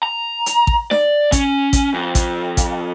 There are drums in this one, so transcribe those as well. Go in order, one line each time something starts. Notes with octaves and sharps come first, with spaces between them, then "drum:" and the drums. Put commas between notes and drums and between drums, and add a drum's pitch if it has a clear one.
A#5
drum: hi-hat
drum: kick A1
D5, drum: snare
C#4, drum: kick A1, hi-hat
drum: kick A1, hi-hat
F2
drum: kick A1, hi-hat
drum: kick A1, hi-hat